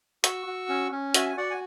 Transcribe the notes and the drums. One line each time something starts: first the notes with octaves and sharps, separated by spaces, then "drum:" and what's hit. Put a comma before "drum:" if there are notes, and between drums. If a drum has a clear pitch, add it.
F#4 C#6 E6, drum: hi-hat
F#4
C#4
C#4
F#4 E5 G#5, drum: hi-hat
G#5
F#4 D5 F#5
G#5